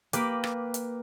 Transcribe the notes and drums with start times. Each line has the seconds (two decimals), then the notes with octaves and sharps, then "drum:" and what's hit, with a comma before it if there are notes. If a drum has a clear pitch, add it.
0.13 A#3 G4 B4, drum: hi-hat
0.44 drum: rim click
0.74 drum: hi-hat